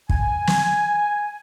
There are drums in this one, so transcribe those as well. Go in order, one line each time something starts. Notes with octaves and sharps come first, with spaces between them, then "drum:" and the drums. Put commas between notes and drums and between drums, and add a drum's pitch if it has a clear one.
G#5, drum: kick
drum: snare